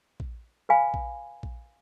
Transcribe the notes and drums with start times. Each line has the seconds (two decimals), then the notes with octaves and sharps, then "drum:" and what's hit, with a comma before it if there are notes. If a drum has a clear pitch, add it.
0.20 drum: kick A#1
0.69 B4 F5 G#5 B5
0.94 drum: kick A#1
1.43 drum: kick A#1